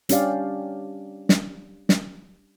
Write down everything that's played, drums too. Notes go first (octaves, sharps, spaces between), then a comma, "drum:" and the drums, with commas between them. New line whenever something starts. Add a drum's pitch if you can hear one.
G3 C#4 D4 G4 D5 F5, drum: hi-hat
drum: snare
drum: snare